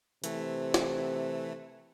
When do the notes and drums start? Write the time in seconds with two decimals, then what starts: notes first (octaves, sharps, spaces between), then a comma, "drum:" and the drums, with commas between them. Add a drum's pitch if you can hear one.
0.24 C3 E3 A3, drum: hi-hat
0.74 drum: snare